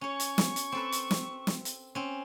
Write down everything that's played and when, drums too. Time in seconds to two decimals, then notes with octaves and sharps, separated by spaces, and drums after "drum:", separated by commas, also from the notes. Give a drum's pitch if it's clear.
0.01 C#4 C#5 C#6
0.20 drum: hi-hat
0.38 drum: snare
0.56 drum: hi-hat
0.72 C4 A4 B4
0.92 drum: hi-hat
1.11 drum: snare
1.47 drum: snare
1.65 drum: hi-hat
1.95 C4 C#4